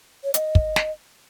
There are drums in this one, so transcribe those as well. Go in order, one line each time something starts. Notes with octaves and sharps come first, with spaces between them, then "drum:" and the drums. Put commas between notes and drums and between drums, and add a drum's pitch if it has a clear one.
C#5
D#5, drum: hi-hat
drum: kick
drum: snare